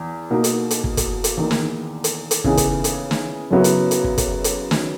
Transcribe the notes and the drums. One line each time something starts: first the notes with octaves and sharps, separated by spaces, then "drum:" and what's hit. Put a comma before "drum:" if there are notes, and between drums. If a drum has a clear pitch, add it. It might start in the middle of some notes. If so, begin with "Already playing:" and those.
Already playing: E2
B2 A#3 D#4
drum: hi-hat
drum: hi-hat
drum: kick
drum: kick, hi-hat
drum: hi-hat
E2 D#3 A#3
drum: snare
drum: hi-hat
drum: hi-hat
C#3 E3 B3 D#4 G#4, drum: kick
drum: kick, hi-hat
drum: hi-hat
drum: snare
F#2 C#3 F#3 B3 E4
drum: hi-hat
drum: hi-hat
drum: kick
drum: kick, hi-hat
drum: hi-hat
drum: snare